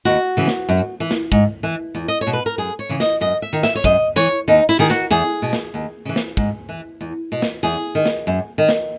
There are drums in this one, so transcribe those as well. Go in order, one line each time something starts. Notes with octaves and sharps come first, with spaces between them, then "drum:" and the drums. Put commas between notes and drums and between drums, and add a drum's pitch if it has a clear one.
D#2 F#4
C#3 E3
drum: snare
F#2
E3
drum: snare
G#2, drum: kick
E3
E2
D#5
C#5
B2
B4
A#4
F#2 G#4
C#5
C#3 E3
D#5, drum: snare
F#2 D#5
E5
D#3
E5, drum: snare
C#5
F#2 D#5, drum: kick
E3 C#5
D#2 D#4
E4
D#3 G#4
F#4, drum: snare
E2 G#4
B2
drum: snare
D#2
C#3 E3
drum: snare
G#2, drum: kick
E3
E2
B2
drum: snare
E2 G#4
D#3
drum: snare
F#2
D#3
drum: snare